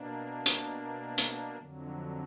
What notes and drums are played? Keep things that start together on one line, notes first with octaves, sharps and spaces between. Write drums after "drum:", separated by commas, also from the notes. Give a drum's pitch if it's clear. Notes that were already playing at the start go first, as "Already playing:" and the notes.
Already playing: B2 A#3 D4
drum: hi-hat
drum: hi-hat
F2 D3 F#3